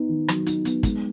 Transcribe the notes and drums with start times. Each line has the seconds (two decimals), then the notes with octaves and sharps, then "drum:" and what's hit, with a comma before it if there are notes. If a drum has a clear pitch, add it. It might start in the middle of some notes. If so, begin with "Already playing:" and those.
Already playing: B3 D#4
0.09 D#3
0.28 F#3, drum: rim click
0.46 D#4, drum: hi-hat
0.65 B3, drum: hi-hat
0.83 G#3, drum: kick, hi-hat